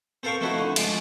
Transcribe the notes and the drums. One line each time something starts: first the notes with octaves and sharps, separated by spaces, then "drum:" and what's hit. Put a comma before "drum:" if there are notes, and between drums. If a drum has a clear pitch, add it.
C4 A4 A#4 F5 G5 C#6
F3 A3 C4 D#4 E4 F#4
D3
F3 G#3 F4 D6, drum: cymbal